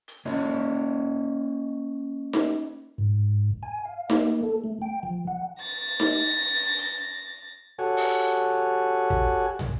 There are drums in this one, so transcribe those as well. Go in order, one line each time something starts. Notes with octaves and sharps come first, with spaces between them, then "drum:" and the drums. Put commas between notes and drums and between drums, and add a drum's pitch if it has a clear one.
drum: hi-hat
A#3 C#4 C#5 D#5
drum: snare D#4
G#2
G#5
F5
A#3, drum: snare D#4
A4
A3
G5
F3
F#5
A6 A#6
drum: snare D#4
drum: hi-hat
F#4 G4 A4 C#5 F#5 G#5
drum: open hi-hat
drum: kick
drum: tom